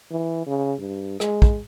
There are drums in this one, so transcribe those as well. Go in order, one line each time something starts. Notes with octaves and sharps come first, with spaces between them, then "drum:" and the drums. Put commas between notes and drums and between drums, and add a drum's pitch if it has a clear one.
E3
C#3
G2
G#3, drum: rim click
drum: kick